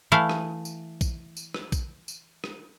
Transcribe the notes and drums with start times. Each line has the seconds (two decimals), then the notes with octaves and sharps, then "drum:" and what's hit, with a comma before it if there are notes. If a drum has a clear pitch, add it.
0.12 E3 A3 E4 F5
0.29 drum: rim click
0.65 drum: tambourine
1.01 drum: kick A#1, tambourine
1.37 drum: tambourine
1.54 drum: rim click
1.72 drum: kick A#1, tambourine
2.08 drum: tambourine
2.44 drum: rim click